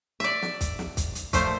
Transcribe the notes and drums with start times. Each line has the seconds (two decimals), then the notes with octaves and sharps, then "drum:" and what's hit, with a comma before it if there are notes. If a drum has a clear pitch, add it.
0.20 D5 E5
0.42 drum: snare
0.61 drum: kick, hi-hat
0.79 drum: snare
0.97 drum: kick, hi-hat
1.15 drum: hi-hat
1.33 A#2 F3 A3 C5, drum: kick, hi-hat